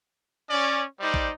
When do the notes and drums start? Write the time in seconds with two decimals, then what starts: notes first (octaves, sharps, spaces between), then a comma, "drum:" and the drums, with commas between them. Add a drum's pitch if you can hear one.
0.50 C#4 D5
1.00 G3 D#4 C5 D5
1.14 drum: kick A1